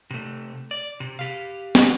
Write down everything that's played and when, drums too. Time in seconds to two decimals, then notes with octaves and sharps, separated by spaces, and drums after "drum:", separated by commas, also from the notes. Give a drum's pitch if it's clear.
0.11 C3 A3
0.71 D5
1.00 C3
1.19 G4 F5
1.75 drum: snare